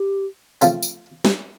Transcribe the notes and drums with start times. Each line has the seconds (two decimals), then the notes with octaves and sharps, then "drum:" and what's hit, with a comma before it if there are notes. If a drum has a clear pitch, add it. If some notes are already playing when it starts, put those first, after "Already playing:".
Already playing: G4
0.61 C#3 F3 A3 C4, drum: tambourine
0.83 drum: tambourine
1.25 G4, drum: snare